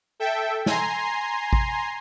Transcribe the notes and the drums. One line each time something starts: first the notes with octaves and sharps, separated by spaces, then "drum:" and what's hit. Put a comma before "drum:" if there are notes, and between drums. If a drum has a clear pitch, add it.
A4 E5 G5
G#5 A#5 C6 C7, drum: snare
drum: kick A1